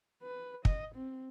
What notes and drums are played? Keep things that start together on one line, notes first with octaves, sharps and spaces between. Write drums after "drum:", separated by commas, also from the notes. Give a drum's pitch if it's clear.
B4
D#5, drum: kick
C4